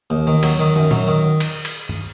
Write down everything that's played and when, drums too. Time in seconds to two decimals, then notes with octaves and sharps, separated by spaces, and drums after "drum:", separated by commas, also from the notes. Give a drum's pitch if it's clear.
0.10 D#2
0.27 D#3
0.43 F#3, drum: cymbal
0.59 D#3
0.76 F#2
0.91 F#3, drum: tom
1.07 D#3
1.40 drum: cymbal
1.65 drum: cymbal
1.89 drum: tom G2